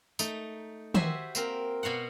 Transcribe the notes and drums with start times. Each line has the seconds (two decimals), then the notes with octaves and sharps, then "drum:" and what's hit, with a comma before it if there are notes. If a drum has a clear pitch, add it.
0.19 A3 D#4, drum: tambourine
0.94 F#4 G4 C5 E5 G#5, drum: tom D#3
1.35 A#3 C4 A#4, drum: tambourine
1.83 B2 F#4 F5 F#5